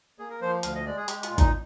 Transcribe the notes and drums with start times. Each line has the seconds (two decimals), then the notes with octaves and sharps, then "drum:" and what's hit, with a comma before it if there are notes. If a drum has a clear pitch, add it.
0.19 A#3 G#4
0.30 A#4
0.41 F3 C5
0.63 D2 F5, drum: hi-hat
0.75 D#5
0.86 G#3 D5
0.97 G#4
1.08 G#3 G4, drum: hi-hat
1.23 F4, drum: hi-hat
1.30 A#2
1.38 D#4, drum: kick, hi-hat